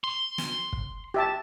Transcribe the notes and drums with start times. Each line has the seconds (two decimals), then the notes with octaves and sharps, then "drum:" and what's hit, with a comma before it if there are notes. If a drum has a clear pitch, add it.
0.04 C6
0.38 drum: snare
0.73 drum: kick
1.14 G4 E5 A5